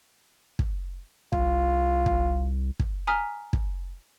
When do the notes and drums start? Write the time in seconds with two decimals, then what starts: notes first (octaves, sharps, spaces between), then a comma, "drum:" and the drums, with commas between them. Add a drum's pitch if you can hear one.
0.59 drum: kick
1.32 C2 F4, drum: kick
2.06 drum: kick
2.80 drum: kick
3.07 G#5 A#5 D#6 F6 B6
3.53 drum: kick